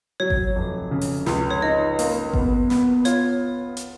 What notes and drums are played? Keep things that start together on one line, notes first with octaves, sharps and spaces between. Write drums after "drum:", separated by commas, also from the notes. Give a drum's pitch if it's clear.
F#3 C#5
drum: kick G#1
F1
C#3
drum: open hi-hat
C#2, drum: snare
C#5
D#4 D#5
A#3, drum: open hi-hat
B3, drum: kick G#1
B3, drum: snare
F4 C#5, drum: hi-hat
drum: hi-hat